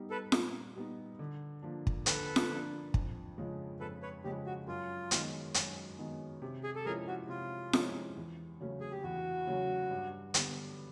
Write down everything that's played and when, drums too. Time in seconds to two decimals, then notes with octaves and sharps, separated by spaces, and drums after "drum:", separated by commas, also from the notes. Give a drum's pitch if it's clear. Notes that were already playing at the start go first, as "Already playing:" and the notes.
Already playing: G3 B3 D#4
0.10 A4 B4
0.32 A#2, drum: snare F4
0.76 G3 B3 D#4
1.19 D3
1.62 F3 A#3 D4
1.87 drum: kick
2.06 D3 A4 B4, drum: hi-hat
2.36 drum: snare F4
2.50 F3 A#3 D4
2.94 F2, drum: kick
3.38 C#3 F3 G#3
3.80 F2 A4 B4
4.02 B4 C#5
4.24 C#3 F3 G#3 G4
4.46 F#4
4.67 F#2 F4
5.11 D#3 G#3 B3, drum: hi-hat
5.54 F#2, drum: hi-hat
5.98 D#3 G#3 B3
6.42 C3
6.64 G#4
6.76 A4
6.85 F3 G#3 C#4 E4 G#4 A#4
7.08 F#4
7.29 C3 F4
7.73 F3 G#3 C#4 E4, drum: snare F4
8.16 E2
8.60 C#3 F#3 A3 C#4
8.80 G#4
8.92 G4
9.03 E2 F#4
9.47 C#3 F#3 A3 C#4
9.91 G2
10.34 D3 G3 B3, drum: hi-hat